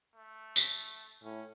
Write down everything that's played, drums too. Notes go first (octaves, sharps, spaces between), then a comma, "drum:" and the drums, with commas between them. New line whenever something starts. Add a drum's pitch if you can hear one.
A3
drum: tambourine
A2 C#4